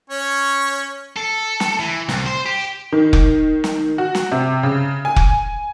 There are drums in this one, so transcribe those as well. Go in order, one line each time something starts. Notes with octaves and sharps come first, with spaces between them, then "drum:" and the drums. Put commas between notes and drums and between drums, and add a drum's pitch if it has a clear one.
C#4 C#5
A4
drum: snare
E3
C2, drum: snare
C5
G4
D#3
drum: kick F1
drum: snare
F#4
drum: snare
C3
C#3
G#5
drum: kick F1